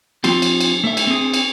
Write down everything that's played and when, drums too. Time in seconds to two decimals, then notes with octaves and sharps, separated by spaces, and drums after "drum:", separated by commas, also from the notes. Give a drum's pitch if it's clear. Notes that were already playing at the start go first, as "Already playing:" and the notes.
0.24 F3 C4 F4 G4, drum: cymbal
0.42 drum: cymbal
0.60 drum: cymbal
0.84 A3 E5
0.97 drum: cymbal
1.07 C4 G#4
1.34 drum: cymbal